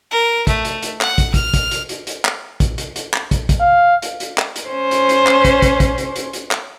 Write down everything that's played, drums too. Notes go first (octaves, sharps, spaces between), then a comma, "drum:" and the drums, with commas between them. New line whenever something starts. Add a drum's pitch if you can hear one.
A#4
A3, drum: kick, hi-hat
drum: hi-hat
drum: hi-hat
F#5, drum: clap
drum: kick, hi-hat
F6, drum: kick, hi-hat
drum: kick, hi-hat
drum: hi-hat
drum: hi-hat
drum: hi-hat
drum: clap
drum: kick, hi-hat
drum: hi-hat
drum: hi-hat
drum: clap
drum: kick, hi-hat
drum: kick, hi-hat
F5
drum: hi-hat
drum: hi-hat
drum: clap
drum: hi-hat
C#4 C5
drum: hi-hat
drum: hi-hat
drum: clap
drum: kick, hi-hat
drum: kick, hi-hat
drum: kick, hi-hat
drum: hi-hat
drum: hi-hat
drum: hi-hat
drum: clap